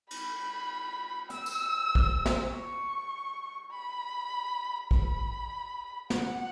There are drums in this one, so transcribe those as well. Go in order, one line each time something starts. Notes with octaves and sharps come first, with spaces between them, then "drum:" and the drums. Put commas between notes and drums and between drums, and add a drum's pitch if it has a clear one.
B5, drum: cymbal
E6, drum: hi-hat
drum: tambourine
drum: kick
drum: snare
C#6
B5
B5, drum: kick
F#5, drum: snare